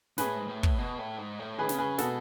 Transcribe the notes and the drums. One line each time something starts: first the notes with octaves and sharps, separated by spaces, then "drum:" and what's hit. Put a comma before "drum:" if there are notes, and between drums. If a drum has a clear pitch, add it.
A2 G#4 B4, drum: snare
G#2
A2
drum: kick
B2
A2
G#2
A2
D#3 G#4 B4
C#3, drum: snare
G#4 B4
B2 F#4 A4, drum: snare